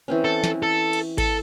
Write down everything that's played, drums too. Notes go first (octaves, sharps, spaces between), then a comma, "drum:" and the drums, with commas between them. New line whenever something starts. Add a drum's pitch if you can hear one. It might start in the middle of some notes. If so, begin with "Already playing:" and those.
E3 C4 C#4
A4
drum: snare
A4
drum: cymbal
A4, drum: kick G#1, cymbal